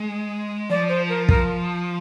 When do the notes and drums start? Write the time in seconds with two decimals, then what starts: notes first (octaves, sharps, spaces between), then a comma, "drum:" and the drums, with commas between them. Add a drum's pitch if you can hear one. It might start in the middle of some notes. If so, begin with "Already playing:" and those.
Already playing: G#3
0.70 F3 D5
0.89 C5
1.09 A#4
1.29 A#4, drum: kick